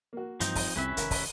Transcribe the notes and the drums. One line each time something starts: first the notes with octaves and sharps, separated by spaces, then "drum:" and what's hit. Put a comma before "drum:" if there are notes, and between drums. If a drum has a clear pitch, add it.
A#3 F#4
G2 E3 F3 C4 D#4, drum: hi-hat
drum: kick, open hi-hat
C2 F2 G3 C#4 E4 B4 E5
F1 B2 D#3 A#4, drum: hi-hat
drum: kick, open hi-hat